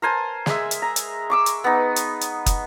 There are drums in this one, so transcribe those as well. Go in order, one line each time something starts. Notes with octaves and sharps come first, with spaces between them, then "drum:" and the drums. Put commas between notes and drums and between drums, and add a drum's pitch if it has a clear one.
A#4 C5 G#5 A5
G#3 G#4 E5, drum: snare
drum: hi-hat
A#5
drum: hi-hat
C#6 D6 E6
drum: hi-hat
B3 D#4
drum: hi-hat
drum: hi-hat
drum: kick, hi-hat